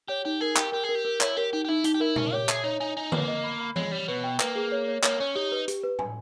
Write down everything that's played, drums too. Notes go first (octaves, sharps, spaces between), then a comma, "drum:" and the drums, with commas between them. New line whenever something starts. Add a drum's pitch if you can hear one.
G4 C#5
D#4 G4
G#4 A#4
G4 G5, drum: clap
G4 A#4
G#4
A#4
G4
A#4
E4 C#5, drum: clap
G4 A#4
D#4 G4
G4
D#4 E4
D#4 G4, drum: hi-hat
G4
E4 A#4
C#4 E5, drum: tom A#2
G4 C#5
G#4 E5, drum: clap
D#4 C#5
D#4 G#5
D#4 G#5
A#3 B4, drum: tom D3
D#5
B5
B5
G#3 C#5, drum: tom E3
G3 C#5
B2 B4
G5
A#3 B4, drum: clap
G#4
C#5
C#5
A#3 C#5, drum: clap
C#4 C#5
D#4 G4
B4
G4, drum: hi-hat
B4
G#5, drum: tom